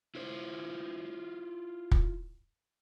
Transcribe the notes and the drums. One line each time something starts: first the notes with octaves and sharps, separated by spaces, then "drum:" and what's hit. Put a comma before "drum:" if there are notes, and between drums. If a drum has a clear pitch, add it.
E4 F4 C5
drum: kick